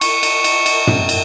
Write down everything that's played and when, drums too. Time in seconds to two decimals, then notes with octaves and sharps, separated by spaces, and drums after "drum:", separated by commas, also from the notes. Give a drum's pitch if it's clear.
0.01 C#6, drum: cymbal
0.23 drum: cymbal
0.44 drum: cymbal
0.66 drum: cymbal
0.87 drum: tom
1.09 drum: cymbal